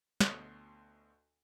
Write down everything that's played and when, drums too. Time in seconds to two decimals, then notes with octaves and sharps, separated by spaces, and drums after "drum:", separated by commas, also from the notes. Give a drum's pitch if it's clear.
0.20 D2 B2 C#5 D#5 C6, drum: snare